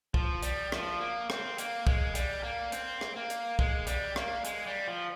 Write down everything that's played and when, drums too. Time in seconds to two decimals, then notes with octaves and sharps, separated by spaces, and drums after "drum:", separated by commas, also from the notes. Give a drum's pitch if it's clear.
0.14 F3, drum: kick
0.43 G3, drum: hi-hat
0.72 F3, drum: rim click
1.00 A#3
1.30 C4, drum: rim click
1.58 A#3, drum: hi-hat
1.87 G#3, drum: kick
2.15 G3, drum: hi-hat
2.43 A#3
2.72 C4, drum: hi-hat
3.01 drum: rim click
3.16 A#3
3.30 drum: hi-hat
3.59 G#3, drum: kick
3.87 G3, drum: hi-hat
4.16 A#3, drum: rim click
4.45 G#3, drum: hi-hat
4.67 G3
4.88 F3